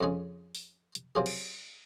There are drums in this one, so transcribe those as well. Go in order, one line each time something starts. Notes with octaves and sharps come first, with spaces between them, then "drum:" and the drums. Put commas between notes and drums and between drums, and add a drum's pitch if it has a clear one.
F2 C#3 G#3 C#4 G#4
drum: open hi-hat
drum: hi-hat
C3 F#3 A#3 F4 G#4
drum: cymbal